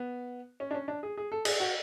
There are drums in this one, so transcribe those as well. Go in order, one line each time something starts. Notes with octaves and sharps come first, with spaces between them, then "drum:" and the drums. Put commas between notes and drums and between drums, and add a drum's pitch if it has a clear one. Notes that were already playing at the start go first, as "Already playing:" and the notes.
Already playing: B3
C#4
D4
C#4
D4
G#4
G#4
A4
G#4, drum: cymbal
F#4